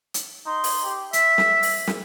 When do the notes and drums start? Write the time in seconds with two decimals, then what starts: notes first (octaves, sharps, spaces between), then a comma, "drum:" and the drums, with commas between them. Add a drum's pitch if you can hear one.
0.14 drum: hi-hat
0.46 D#4 C6
0.64 drum: open hi-hat
0.84 G4
1.13 E5 B6, drum: hi-hat
1.38 drum: snare
1.63 drum: open hi-hat
1.87 drum: snare